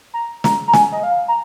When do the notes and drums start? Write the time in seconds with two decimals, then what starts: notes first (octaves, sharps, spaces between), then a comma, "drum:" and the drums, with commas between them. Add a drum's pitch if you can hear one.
0.14 A#5
0.44 A#5, drum: snare
0.68 A#5
0.73 G#5, drum: snare
0.92 D#5
1.03 F5
1.28 A#5